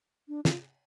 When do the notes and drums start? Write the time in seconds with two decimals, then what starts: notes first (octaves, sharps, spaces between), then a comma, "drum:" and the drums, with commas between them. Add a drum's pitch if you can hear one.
0.28 D4
0.45 F4, drum: snare